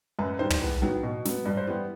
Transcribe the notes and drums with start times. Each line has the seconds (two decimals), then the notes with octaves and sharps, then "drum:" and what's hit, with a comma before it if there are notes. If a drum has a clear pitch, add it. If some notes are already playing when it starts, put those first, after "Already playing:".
0.19 F#2 B4
0.34 B4
0.39 D#3 G3 C5
0.50 drum: tom
0.62 E2 B4
0.82 D#3 F#3 B3
1.03 B2
1.25 F#3 B3, drum: snare
1.45 G2 B4
1.57 C5
1.67 E3 G3 B3 B4